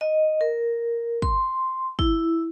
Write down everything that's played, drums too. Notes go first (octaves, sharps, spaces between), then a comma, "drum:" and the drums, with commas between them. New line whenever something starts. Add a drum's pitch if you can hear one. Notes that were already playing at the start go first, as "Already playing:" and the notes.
D#5
A#4
C6, drum: kick
E4, drum: kick